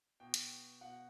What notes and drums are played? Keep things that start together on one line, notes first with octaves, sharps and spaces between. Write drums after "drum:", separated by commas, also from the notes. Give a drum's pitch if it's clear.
B2 G5
drum: hi-hat
B2 F#5